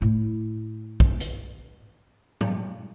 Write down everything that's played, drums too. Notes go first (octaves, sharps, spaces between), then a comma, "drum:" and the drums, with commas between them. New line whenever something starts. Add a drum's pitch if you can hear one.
A2 E4
drum: kick
drum: hi-hat
drum: tom